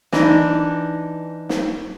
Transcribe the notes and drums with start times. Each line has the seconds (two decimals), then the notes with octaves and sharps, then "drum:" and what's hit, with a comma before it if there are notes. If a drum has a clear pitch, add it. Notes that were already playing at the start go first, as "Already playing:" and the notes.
0.12 E3 D4 D#4, drum: snare
1.49 drum: snare